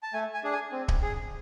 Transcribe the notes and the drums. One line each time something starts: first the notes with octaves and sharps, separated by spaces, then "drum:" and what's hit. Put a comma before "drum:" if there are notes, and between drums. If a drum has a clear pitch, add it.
A5
A3 G#5
G#5
D4 G#4
G#5
C4
drum: kick D1
G#4